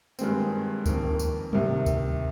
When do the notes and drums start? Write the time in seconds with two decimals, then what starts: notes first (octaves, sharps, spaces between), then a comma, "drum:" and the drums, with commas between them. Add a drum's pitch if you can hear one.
0.19 G2 D#3 G#3 C4, drum: tambourine
0.86 F2 D#3 A#3, drum: kick D2, tambourine
1.19 drum: tambourine
1.53 C2 C3 D#3, drum: tom F#3
1.86 drum: kick D2, tambourine